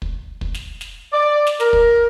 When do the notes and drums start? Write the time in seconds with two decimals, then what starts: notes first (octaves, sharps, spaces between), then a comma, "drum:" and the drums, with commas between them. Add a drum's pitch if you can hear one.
0.02 drum: kick
0.41 drum: kick
0.54 drum: snare
0.81 drum: snare
1.12 D5
1.47 drum: snare
1.60 A#4, drum: snare
1.73 drum: kick